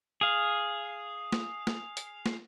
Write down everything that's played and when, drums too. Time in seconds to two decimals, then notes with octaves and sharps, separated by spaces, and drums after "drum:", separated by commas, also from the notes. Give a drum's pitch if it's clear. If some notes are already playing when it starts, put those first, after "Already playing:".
0.21 G#4 F5
1.32 drum: snare
1.67 drum: snare
1.97 drum: hi-hat
2.26 drum: snare